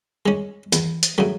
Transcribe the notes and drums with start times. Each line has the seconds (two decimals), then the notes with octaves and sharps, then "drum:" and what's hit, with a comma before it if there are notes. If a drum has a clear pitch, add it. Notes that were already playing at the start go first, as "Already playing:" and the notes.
0.26 G#3 C#4
0.73 E2, drum: hi-hat
1.03 drum: hi-hat
1.18 C#3 F#3 A3